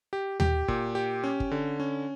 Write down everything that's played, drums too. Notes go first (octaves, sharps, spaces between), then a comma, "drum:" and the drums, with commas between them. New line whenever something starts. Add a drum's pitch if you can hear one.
G4
G4, drum: tom D#2
A#2, drum: kick
G4
C#4
drum: kick
D3
C#4